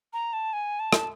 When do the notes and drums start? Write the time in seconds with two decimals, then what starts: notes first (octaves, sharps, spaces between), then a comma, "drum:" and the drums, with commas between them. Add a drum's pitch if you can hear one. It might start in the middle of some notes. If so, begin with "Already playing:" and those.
0.13 A#5
0.33 A5
0.53 G#5
0.80 A5
0.93 drum: rim click